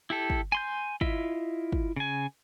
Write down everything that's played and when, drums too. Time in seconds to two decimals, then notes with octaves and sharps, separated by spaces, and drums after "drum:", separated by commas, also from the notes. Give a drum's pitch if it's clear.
0.10 E4 G4 A4
0.30 drum: kick
0.52 G#5 C6 G6
1.01 E4 F4 D#5 E5, drum: kick
1.72 drum: kick
1.96 C#3 G#5